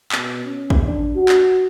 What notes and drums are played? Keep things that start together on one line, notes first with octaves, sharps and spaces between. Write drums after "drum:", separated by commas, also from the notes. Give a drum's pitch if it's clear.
B2, drum: clap
C#4
drum: kick
D4
F#4
drum: clap